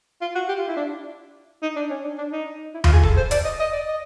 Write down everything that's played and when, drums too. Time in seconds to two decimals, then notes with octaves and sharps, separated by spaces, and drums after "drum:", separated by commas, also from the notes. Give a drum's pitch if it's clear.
0.21 F4
0.35 F#4
0.48 G4
0.58 F4
0.68 E4
0.77 D4
1.62 D#4
1.76 D4
1.90 C#4
2.03 D4
2.18 D4
2.32 D#4
2.74 E4
2.84 F4, drum: tom D#2
2.93 G#4
3.03 A4, drum: kick D1
3.17 C5
3.31 D5, drum: hi-hat
3.44 D#5
3.60 D#5
3.73 D5
3.87 D#5